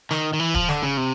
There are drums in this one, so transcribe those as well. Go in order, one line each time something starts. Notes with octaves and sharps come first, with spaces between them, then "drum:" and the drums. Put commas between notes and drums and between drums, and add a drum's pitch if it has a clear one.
D#3, drum: snare
D#3
E3
F3, drum: kick
D3, drum: snare
C#3
C3